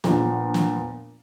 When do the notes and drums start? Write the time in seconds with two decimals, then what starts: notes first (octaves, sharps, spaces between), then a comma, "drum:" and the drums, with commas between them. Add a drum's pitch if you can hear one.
0.04 A#2 F3 B3 D4, drum: snare
0.54 drum: snare